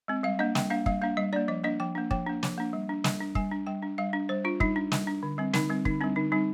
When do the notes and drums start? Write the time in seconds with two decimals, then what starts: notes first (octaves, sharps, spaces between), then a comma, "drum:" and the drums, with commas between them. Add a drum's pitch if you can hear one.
0.08 G#3 C4
0.23 G3 F5
0.39 A#3 D4 D#5
0.55 G3 G5, drum: snare
0.70 A#3 D4 F5
0.86 G3 F5, drum: kick
1.01 A#3 D4 F5
1.17 G3 D#5
1.33 A#3 D4 D5
1.48 F3 D#5
1.63 A#3 D4 D#5
1.80 F3 G5
1.95 A#3 D4
2.11 F3 G5, drum: kick
2.27 A#3 D4
2.43 F3, drum: snare
2.58 A#3 D4
2.73 G3
2.89 D4
3.04 G3, drum: snare
3.21 D4
3.35 G3 G#5, drum: kick
3.51 D4
3.67 G3 G5
3.82 D4
3.98 G3 F5
4.13 D4
4.29 G3 C5
4.45 D4 F4
4.60 G3 D#4, drum: kick
4.76 D4
4.92 G3, drum: snare
5.07 D4
5.23 D3
5.38 G3 C4
5.53 D3 D#4, drum: snare
5.70 G3 C4
5.85 D3 D#4, drum: kick
6.01 G3 C4 D4
6.16 D3 D#4
6.32 G3 C4 D#4